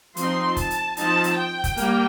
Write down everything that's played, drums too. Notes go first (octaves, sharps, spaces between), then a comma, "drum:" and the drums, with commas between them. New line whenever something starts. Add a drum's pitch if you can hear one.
F3 C4 D#4 C6, drum: hi-hat
A5, drum: kick F1, hi-hat
drum: hi-hat
F3 C4 D#4 A5, drum: hi-hat
drum: hi-hat
G5
drum: kick F1, hi-hat
G3 A#3, drum: hi-hat